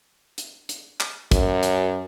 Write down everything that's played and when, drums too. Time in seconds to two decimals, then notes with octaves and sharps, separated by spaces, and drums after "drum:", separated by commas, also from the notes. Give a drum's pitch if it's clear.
0.38 drum: hi-hat
0.69 drum: hi-hat
1.00 drum: clap
1.32 F#2, drum: kick, hi-hat
1.63 drum: hi-hat